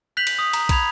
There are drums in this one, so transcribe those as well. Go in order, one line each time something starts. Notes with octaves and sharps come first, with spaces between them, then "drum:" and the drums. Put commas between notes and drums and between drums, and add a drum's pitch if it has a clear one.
F#6 G6 B6 F7 F#7
drum: cymbal
D#6
A#5, drum: cymbal
A#5 B5 G#6 F7, drum: kick, cymbal